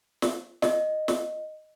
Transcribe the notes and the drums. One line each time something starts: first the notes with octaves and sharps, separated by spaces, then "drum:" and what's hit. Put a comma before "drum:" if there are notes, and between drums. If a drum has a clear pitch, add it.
drum: snare
D#5, drum: snare
drum: snare